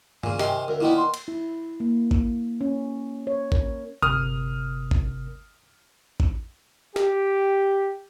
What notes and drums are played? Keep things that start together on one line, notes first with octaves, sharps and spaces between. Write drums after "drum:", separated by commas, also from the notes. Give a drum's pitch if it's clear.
A#2 C#3 G#5, drum: tom
C3 D#3 C6, drum: snare
D2 A#4
A#2 D#3 B3 E4
C6
drum: cymbal
E4
A#3
drum: kick A1
C#4
C#5
A#4, drum: kick A1
G1 C3 A#4 D#6 F6
drum: kick A1
drum: kick A1
G4, drum: snare